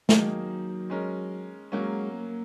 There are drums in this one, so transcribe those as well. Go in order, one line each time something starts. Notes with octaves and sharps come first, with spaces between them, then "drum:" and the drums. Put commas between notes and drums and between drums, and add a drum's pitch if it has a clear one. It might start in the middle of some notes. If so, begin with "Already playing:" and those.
D#3 F#3 A#3 D#4 G#4, drum: snare
G#3 C#4 A#4
F#3 G#3 A#3 C#4
A#3